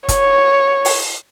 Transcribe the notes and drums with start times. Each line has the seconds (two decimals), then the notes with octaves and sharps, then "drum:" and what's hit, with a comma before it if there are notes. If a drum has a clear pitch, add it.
0.09 C#5, drum: kick, hi-hat
0.85 drum: open hi-hat